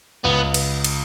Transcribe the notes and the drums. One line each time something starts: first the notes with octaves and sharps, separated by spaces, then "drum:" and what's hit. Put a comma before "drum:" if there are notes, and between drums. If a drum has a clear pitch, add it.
C#2 B3
drum: cymbal
drum: cymbal